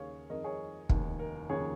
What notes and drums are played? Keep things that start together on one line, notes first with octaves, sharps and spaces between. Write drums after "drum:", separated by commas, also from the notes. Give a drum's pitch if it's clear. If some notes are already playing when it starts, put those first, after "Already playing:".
Already playing: D#2 C#3 A#3 G#4 C#5 F5
F2 D#3 G#3 A#4 D#5
G#4 C#5
F1 D#2 D#3, drum: kick
A#4
F1 D#2 C#3 F3 A#3 G#4 C#5